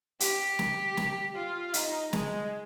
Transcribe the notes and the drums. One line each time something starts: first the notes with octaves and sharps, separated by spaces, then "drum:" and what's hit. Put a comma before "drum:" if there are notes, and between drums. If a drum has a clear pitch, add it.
G4, drum: hi-hat
drum: snare
drum: snare
F4
D#4, drum: hi-hat
G#3, drum: snare